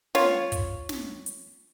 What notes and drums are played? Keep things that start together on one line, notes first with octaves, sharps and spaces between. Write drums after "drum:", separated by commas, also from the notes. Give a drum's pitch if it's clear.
F4 C#5, drum: snare
drum: kick, hi-hat
drum: snare
drum: hi-hat